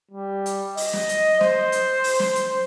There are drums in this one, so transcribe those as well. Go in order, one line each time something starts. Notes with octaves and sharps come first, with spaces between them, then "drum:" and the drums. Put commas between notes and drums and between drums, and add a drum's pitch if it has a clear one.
G3
drum: hi-hat
D#5, drum: open hi-hat
drum: snare
drum: hi-hat
C5, drum: snare
drum: hi-hat
drum: open hi-hat
drum: snare
drum: hi-hat